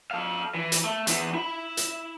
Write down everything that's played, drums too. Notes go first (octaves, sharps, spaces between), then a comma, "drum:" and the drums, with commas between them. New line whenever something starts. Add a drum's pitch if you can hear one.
A4 F5
E3
drum: hi-hat
A3
E2 E3, drum: hi-hat
E4 B5
drum: hi-hat